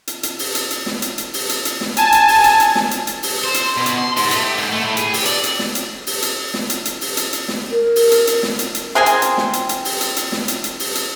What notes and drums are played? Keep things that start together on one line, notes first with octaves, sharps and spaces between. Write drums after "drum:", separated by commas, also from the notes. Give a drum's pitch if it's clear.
drum: hi-hat
drum: hi-hat
drum: open hi-hat
drum: hi-hat
drum: hi-hat
drum: snare
drum: hi-hat
drum: hi-hat
drum: open hi-hat
drum: hi-hat
drum: hi-hat
drum: snare
G#5 A5, drum: hi-hat
drum: hi-hat
drum: open hi-hat
drum: hi-hat
drum: hi-hat
drum: snare
drum: hi-hat
drum: hi-hat
drum: open hi-hat
C5
drum: hi-hat
B2
drum: hi-hat
C6
G#2, drum: open hi-hat
A3, drum: hi-hat
G4
G#2
A3
A2
G#4, drum: hi-hat
G4, drum: open hi-hat
D5, drum: hi-hat
drum: hi-hat
drum: snare
drum: hi-hat
drum: open hi-hat
drum: hi-hat
drum: snare
drum: hi-hat
drum: hi-hat
drum: open hi-hat
drum: hi-hat
drum: hi-hat
drum: snare
A#4
drum: open hi-hat
drum: hi-hat
drum: hi-hat
drum: snare
drum: hi-hat
drum: hi-hat
C4 G#4 A#4 G#5
drum: hi-hat
drum: hi-hat
drum: snare
drum: hi-hat
drum: hi-hat
drum: open hi-hat
drum: hi-hat
drum: hi-hat
drum: snare
drum: hi-hat
drum: hi-hat
drum: open hi-hat
drum: hi-hat